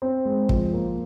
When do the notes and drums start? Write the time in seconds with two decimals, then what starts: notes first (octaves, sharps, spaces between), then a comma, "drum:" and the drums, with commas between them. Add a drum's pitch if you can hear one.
0.02 C4
0.25 G#3
0.49 F3, drum: kick
0.73 A#3